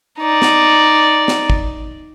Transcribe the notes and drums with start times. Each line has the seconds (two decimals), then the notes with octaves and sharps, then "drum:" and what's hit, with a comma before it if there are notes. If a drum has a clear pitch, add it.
0.20 D#4 D5
0.42 drum: snare
1.28 drum: snare
1.50 drum: kick